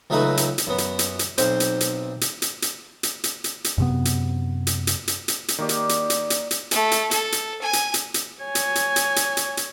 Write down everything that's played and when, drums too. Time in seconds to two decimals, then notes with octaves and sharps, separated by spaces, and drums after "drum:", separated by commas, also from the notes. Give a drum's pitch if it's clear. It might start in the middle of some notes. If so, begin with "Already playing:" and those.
0.10 C#2 F#3 A3 D#4 B4 E5
0.37 drum: hi-hat
0.58 drum: hi-hat
0.67 F#2 B3
0.78 drum: hi-hat
0.99 drum: hi-hat
1.19 drum: hi-hat
1.38 B1 C4 C5, drum: hi-hat
1.60 drum: hi-hat
1.80 drum: hi-hat
2.21 drum: hi-hat
2.42 drum: hi-hat
2.62 drum: hi-hat
3.03 drum: hi-hat
3.24 drum: hi-hat
3.44 drum: hi-hat
3.64 drum: hi-hat
3.78 F#2 C3 B3
4.05 drum: hi-hat
4.67 drum: hi-hat
4.87 drum: hi-hat
5.08 drum: hi-hat
5.28 drum: hi-hat
5.48 drum: hi-hat
5.58 D#3 A#3 D#4 G4 D5
5.69 drum: hi-hat
5.89 drum: hi-hat
6.10 drum: hi-hat
6.30 drum: hi-hat
6.51 drum: hi-hat
6.71 A3, drum: hi-hat
6.91 drum: hi-hat
7.11 A4, drum: hi-hat
7.32 drum: hi-hat
7.61 G#5
7.73 drum: hi-hat
7.94 drum: hi-hat
8.14 drum: hi-hat
8.43 C#5 G#5
8.55 drum: hi-hat
8.75 drum: hi-hat
8.96 drum: hi-hat
9.16 drum: hi-hat
9.37 drum: hi-hat
9.57 drum: hi-hat